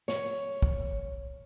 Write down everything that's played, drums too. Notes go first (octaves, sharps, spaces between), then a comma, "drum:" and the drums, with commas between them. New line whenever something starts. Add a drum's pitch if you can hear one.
C#5, drum: snare
drum: kick